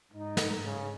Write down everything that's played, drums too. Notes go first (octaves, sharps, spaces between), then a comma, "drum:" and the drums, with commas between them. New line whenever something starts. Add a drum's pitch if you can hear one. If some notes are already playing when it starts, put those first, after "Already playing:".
G#2 D#4
drum: snare
C#3